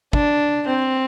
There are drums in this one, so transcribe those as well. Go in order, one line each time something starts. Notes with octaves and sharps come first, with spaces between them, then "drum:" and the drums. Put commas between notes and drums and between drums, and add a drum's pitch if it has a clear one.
D4, drum: kick
C4